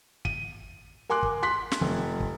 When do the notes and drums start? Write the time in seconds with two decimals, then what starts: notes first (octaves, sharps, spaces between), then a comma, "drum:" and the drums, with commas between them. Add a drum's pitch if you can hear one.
0.25 D#7, drum: kick
1.09 A#4 G#5 C6 D6 F#6
1.23 drum: kick
1.43 C6 F#6 B6
1.71 drum: snare
1.81 F1
2.20 drum: kick